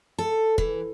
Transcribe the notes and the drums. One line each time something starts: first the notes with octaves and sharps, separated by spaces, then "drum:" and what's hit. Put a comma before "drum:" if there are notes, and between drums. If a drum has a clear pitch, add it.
A4
E3, drum: kick